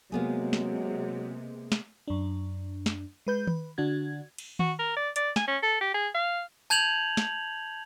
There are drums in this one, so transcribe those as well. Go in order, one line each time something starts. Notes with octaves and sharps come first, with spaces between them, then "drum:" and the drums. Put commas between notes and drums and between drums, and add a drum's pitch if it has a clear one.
C3 F#3 G#3 A#3 B3 G#4
drum: snare
drum: snare
F#2 D4
drum: snare
G#3 B4 G6
B4, drum: tom D#3
D3 D4 F#4 G#6
drum: cymbal
F#4, drum: tom D#3
A#4
D5
D5, drum: hi-hat
G#5, drum: snare
C#4
A4
G4
G#4
F5
A5 G6 G#6 F7 F#7
drum: snare